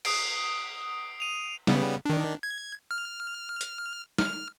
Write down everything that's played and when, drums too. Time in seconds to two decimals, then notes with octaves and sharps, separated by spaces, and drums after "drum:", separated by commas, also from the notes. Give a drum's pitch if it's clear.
0.05 D#6 C7 D7, drum: cymbal
1.20 D#7 F7
1.67 C#3 G3 B3, drum: snare
2.05 D#3 D4
2.43 G#6
2.91 F6
3.61 drum: hi-hat
4.18 F6, drum: snare